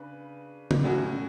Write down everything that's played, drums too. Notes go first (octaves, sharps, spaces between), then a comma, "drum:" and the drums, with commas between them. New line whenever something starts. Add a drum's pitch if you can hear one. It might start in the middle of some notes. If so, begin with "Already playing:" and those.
Already playing: C#3 D4 B4
drum: tom
A2 F#3 C#4 F#4